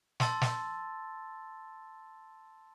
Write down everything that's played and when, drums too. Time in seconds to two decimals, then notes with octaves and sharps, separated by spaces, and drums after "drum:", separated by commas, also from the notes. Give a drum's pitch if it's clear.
0.20 A5 C6 E6 A6, drum: snare
0.41 drum: snare